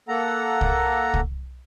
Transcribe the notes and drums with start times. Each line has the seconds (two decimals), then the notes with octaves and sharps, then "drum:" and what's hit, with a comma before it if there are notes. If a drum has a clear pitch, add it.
0.08 A#3 A4 F#5 A#5
0.61 drum: kick C2
1.14 drum: kick C2